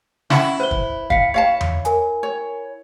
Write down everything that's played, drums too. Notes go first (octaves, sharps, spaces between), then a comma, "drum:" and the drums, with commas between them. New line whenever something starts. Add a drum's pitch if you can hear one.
C#4 E4 F#5 A5, drum: snare
B4 C5 G7
drum: kick
F5 B6 C#7, drum: kick
C#5 F5 A5
drum: tom E2
A#4 G#5, drum: hi-hat
C#5